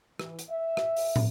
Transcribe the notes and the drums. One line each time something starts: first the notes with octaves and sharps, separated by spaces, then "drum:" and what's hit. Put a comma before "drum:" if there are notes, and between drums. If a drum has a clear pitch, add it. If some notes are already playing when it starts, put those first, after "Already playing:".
E3, drum: rim click
drum: hi-hat
E5
drum: rim click
drum: open hi-hat
drum: tom